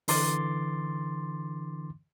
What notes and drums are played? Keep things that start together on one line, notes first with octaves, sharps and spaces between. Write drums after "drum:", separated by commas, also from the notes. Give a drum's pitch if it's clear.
D3 E3 C6 D6 A6, drum: open hi-hat